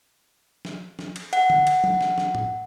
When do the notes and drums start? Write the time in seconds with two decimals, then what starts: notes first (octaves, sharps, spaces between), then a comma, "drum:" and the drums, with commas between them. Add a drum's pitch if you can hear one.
0.65 drum: snare
0.99 drum: snare
1.16 drum: cymbal
1.33 F#5, drum: cymbal
1.50 drum: tom
1.67 drum: cymbal
1.84 drum: tom
2.01 drum: snare
2.18 drum: snare
2.35 drum: tom